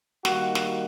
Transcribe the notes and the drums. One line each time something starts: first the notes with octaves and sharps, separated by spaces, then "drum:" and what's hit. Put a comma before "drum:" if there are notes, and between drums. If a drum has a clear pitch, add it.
D#3 G3 A#3 F#4, drum: snare
drum: snare